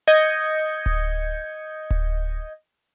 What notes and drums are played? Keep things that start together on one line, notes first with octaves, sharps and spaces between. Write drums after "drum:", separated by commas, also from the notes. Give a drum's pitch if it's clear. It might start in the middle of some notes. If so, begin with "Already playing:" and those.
D#5 G6 G#6 C#7
drum: kick D1
drum: kick D1